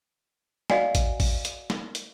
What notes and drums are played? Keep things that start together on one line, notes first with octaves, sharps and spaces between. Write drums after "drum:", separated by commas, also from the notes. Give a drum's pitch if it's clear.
F#4 D5 D#5 F5 F#5 G#5, drum: snare
drum: kick, hi-hat
drum: kick, open hi-hat
drum: hi-hat
drum: snare
drum: hi-hat